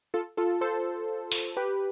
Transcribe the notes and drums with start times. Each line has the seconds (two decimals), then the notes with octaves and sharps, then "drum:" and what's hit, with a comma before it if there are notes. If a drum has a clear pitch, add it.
0.14 F4 A4
0.37 F4 A4
0.61 A4 C5
1.32 drum: open hi-hat
1.57 G4 B4